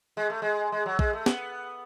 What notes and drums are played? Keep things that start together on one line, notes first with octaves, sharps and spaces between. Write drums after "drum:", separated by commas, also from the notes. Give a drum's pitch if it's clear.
G#3
A3
G#3
G#3
F#3
G#3, drum: kick
A3
B3, drum: snare